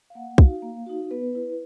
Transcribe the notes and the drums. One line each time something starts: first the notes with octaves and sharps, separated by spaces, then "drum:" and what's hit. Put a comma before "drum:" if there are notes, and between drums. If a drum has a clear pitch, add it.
F5
A#3 F#5
D#4 F#4 F5, drum: kick
A#3
D#4 F#4
B3 B4
E4